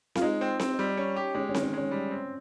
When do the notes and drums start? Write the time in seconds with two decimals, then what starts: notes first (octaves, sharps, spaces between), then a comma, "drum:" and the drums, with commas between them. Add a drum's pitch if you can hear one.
0.15 F4, drum: snare C4
0.21 G#3 D#4
0.41 C4
0.60 C4, drum: snare C4
0.79 G3
0.97 C#4
1.16 G4
1.34 G#3 C#4
1.49 C#4
1.54 D#3, drum: snare C4
1.63 C#4
1.73 G#3 C#4
1.91 G3
2.11 C4